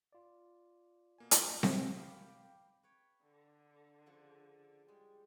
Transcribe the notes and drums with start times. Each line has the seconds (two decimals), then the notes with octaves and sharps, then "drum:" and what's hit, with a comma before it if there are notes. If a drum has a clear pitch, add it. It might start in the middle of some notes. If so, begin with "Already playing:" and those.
0.13 F4 D5
1.18 B2 A#3 G#5
1.31 F#2 A2, drum: hi-hat
1.63 drum: snare C4
1.99 F5 G5 B5 D6
2.83 B4 C#5 G5
3.23 D3
4.06 C#3 F3 F#5
4.88 G3 G#3